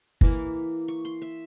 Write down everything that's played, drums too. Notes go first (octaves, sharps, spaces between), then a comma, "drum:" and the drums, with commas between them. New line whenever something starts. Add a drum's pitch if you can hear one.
E3 A#3 E4 A#5, drum: kick
C#6
C6
E5